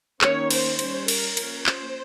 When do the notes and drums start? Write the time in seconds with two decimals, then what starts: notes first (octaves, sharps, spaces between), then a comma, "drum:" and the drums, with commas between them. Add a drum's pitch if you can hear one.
0.21 D#3 A#3 C#4 C#5, drum: clap
0.50 C5, drum: cymbal
0.79 G3 C#4, drum: cymbal
1.08 A#4, drum: cymbal
1.37 F3 A#3 C#4, drum: cymbal
1.66 C5, drum: clap